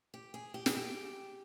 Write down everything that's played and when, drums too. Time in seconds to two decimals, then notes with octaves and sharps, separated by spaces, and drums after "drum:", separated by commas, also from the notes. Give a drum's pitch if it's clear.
0.14 G4
0.34 G#4
0.54 G4
0.66 G#4, drum: snare
0.77 G4